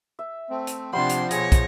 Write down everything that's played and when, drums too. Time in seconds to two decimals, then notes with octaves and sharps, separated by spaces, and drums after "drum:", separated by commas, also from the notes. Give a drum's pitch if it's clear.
0.19 E5
0.50 A3 C4
0.67 drum: hi-hat
0.93 C3 F3 G3 D4 C5 F#5 C6
1.10 drum: hi-hat
1.31 B2 G#4 C#5 A#6, drum: hi-hat
1.52 drum: kick, hi-hat